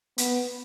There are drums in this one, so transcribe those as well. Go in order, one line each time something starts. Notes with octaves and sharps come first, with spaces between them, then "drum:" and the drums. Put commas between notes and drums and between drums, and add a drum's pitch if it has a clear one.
B3, drum: hi-hat